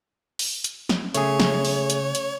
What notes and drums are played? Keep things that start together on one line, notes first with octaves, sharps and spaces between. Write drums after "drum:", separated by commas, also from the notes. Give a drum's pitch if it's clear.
drum: open hi-hat
drum: hi-hat
drum: snare
C#3 A3 G#4 C#5, drum: hi-hat
drum: snare
drum: open hi-hat
drum: hi-hat
drum: hi-hat